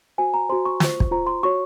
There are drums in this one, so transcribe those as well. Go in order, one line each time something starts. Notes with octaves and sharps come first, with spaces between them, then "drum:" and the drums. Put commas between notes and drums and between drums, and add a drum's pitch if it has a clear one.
F#4 C5 G#5
A#5
F#4 C5 C6
C#6
F4 C5, drum: snare
drum: kick
F4 C5 A#5
C6
F#4 C#5 C#6